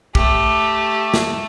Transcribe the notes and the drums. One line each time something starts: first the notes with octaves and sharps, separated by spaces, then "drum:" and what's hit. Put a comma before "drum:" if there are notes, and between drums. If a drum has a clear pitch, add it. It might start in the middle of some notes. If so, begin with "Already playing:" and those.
A3 G4, drum: kick
drum: snare